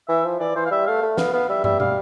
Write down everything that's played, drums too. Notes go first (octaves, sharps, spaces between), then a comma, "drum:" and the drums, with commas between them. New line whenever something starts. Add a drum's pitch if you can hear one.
E3 E5
F3
E3 D5
E3 C5
F5
G3 E5
A3 F5
A3
B3 F5, drum: snare
B3 F5
G3 E5
G3 E5, drum: tom
G3 F5, drum: tom